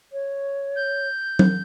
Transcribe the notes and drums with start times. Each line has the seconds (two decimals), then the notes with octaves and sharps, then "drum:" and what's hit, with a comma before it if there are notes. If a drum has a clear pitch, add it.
0.12 C#5
0.75 G6
1.39 drum: tom F#3